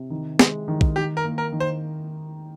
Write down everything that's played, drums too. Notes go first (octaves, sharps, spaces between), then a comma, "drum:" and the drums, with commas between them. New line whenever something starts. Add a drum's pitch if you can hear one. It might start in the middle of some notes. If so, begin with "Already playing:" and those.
Already playing: C3
D#3
G#3, drum: snare
D#3
drum: kick
D#3 G4
A#4
A#3
A#4
D#3
C5